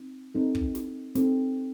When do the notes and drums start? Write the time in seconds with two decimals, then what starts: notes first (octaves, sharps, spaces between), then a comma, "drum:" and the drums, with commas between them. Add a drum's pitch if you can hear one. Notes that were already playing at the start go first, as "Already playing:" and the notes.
Already playing: C4 D#4
0.35 C4 D#4 A4
0.55 drum: kick
0.75 drum: snare
1.15 C4 D#4 A4, drum: snare